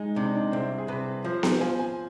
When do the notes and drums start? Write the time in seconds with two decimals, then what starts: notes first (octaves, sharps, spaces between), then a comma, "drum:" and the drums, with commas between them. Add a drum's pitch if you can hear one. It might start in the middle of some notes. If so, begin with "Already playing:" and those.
Already playing: G#3 D#4
0.16 C3 D4
0.26 D#4
0.35 D4
0.52 C2 C4
0.78 G#4
0.88 C3 B4
1.25 F3 C5
1.43 drum: snare B3
1.61 F3 G#5
1.79 G#5